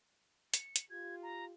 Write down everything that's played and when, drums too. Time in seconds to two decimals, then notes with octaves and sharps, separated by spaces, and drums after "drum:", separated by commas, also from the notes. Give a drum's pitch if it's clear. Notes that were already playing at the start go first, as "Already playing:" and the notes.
0.54 C#7, drum: hi-hat
0.76 drum: hi-hat
0.90 F4 G4 G#6
1.23 A#5